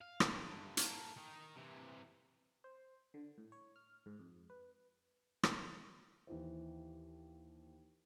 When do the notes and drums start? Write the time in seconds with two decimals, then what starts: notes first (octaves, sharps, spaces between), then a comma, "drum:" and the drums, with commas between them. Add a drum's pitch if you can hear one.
0.01 F5
0.20 drum: rim click
0.33 G2 D3
0.77 A#3 A4, drum: hi-hat
1.17 D#3 D#4
1.56 C3 E3
2.64 C5
3.14 D3
3.38 A2
3.52 C#5
3.76 F6
4.06 G#2
4.19 F2
4.50 B4
5.43 drum: rim click
6.27 D#2 E3 D#4 C5